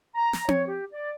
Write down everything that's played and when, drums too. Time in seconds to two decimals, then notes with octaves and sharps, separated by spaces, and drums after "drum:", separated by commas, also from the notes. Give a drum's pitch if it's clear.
0.15 A#5
0.33 drum: snare
0.48 C#5, drum: tom C4
0.68 G4
0.93 D5